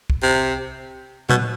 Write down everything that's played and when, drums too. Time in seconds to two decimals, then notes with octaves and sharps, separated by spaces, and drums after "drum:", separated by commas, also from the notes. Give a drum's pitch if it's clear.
0.10 drum: kick
0.22 C3
1.29 B2, drum: tom A#2